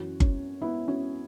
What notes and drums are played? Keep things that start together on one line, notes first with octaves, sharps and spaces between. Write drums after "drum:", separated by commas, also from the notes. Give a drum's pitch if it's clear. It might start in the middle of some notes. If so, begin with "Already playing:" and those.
Already playing: F#2 E3 C#4 F#4
C#4, drum: kick G1
B3 E4
C#4 F#4